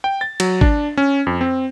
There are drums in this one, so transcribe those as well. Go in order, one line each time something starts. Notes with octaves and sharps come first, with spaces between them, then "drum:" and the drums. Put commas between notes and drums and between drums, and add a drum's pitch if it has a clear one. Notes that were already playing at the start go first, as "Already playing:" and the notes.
G5
A6
F#3, drum: cymbal
D4, drum: kick G#1
C#4
F2
C4